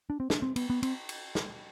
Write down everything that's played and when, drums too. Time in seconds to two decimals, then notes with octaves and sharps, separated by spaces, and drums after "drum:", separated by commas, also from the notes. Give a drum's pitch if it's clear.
0.10 D4
0.20 C4
0.30 D4, drum: snare
0.42 C4
0.56 B3, drum: cymbal
0.70 B3
0.83 C4, drum: cymbal
1.09 drum: cymbal
1.35 drum: snare